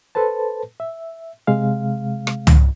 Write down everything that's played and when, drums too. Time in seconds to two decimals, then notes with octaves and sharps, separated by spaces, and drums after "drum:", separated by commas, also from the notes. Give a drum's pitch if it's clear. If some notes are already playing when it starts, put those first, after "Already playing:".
0.15 A4 B4 C5 A5
0.80 E5
1.47 C3 G#3 F5
2.27 drum: rim click
2.47 drum: tom